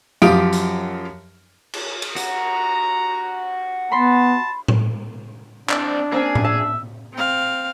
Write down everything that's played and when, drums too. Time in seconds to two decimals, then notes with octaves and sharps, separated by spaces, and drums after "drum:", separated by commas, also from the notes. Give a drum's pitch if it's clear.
0.22 F#2 F3 F4 G4 D#6 D7, drum: tambourine
0.53 drum: hi-hat
1.73 drum: cymbal
2.02 drum: cymbal
2.16 F#4 A#5, drum: hi-hat
3.92 B3 A5 B5 C6
4.68 drum: tom A2
5.69 C4 D4 D5, drum: clap
6.12 A#3 C4 C#4 G#4
6.35 drum: tom A2
6.45 E5 A5
7.13 C4 F5